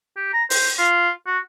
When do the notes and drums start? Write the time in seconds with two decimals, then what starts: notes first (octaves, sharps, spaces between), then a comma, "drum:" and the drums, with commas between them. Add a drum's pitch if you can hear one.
0.16 G4
0.33 A#5
0.50 C5, drum: open hi-hat
0.78 F4
1.26 F#4